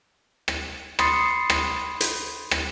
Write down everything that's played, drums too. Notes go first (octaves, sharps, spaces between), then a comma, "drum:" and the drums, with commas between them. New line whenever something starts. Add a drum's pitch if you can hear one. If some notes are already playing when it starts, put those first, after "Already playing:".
drum: rim click
B5 C6 D#6 A6 C7 C#7, drum: rim click
drum: rim click
drum: hi-hat
drum: rim click